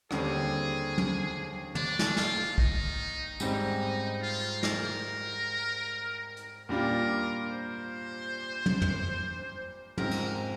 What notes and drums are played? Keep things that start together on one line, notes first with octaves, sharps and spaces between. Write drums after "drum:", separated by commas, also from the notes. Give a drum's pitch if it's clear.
D#2 D3 G3 C4 G#4, drum: rim click
drum: tom
D4, drum: tom
drum: snare
F4, drum: snare
D#4, drum: kick
G#2 G3 C4 D#4, drum: tambourine
F4
A#4, drum: snare
drum: hi-hat
A#2 G3 D4 F4 A#4
C5
drum: tom
drum: tom
G#2 F3 C4 A#4, drum: tom
drum: cymbal